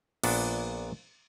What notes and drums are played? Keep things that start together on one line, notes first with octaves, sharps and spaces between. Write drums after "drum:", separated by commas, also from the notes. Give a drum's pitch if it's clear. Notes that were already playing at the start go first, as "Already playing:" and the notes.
A#1 A#2 B3 D4 F#5 A5, drum: cymbal